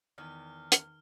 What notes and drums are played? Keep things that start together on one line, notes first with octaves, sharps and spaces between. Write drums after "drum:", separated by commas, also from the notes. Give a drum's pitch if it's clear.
E2 D#3 G#5 B5 F6
drum: hi-hat